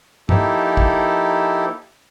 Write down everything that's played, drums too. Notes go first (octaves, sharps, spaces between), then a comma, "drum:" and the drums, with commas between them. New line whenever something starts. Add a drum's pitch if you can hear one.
F3 A#3 D#4 E4 G4 A4, drum: tom G2
drum: kick